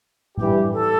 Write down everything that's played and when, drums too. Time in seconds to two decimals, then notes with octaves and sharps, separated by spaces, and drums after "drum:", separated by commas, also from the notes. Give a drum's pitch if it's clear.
0.37 G2 E3 G3 E4 G4, drum: tom A2
0.73 A4